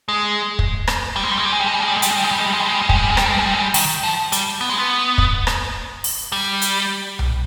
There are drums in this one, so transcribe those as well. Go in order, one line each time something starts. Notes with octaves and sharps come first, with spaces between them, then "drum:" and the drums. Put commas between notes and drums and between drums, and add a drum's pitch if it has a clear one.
G#3
drum: kick
drum: rim click
G3
G#3
G3
G#3
G3
G#3
G3
G#3
G3
G#3
G3
G#3
G3, drum: hi-hat
G#3
G3
G#3
G3
G#3
G3
G#3
G3
G#3
G3
G#3
G3, drum: kick
G#3
G3
G#3
G3, drum: rim click
G#3
G3
G#3
G3
G#3
G3
D#3, drum: open hi-hat
F3
G3, drum: hi-hat
B3
G#3
B3
drum: kick
drum: rim click
drum: open hi-hat
G3
drum: hi-hat
drum: tom B1